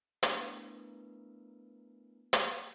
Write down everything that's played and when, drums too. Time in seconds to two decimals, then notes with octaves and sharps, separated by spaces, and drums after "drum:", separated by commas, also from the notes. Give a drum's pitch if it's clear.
0.23 A3 B3 D4 E4 A#4 B4, drum: hi-hat
2.33 drum: hi-hat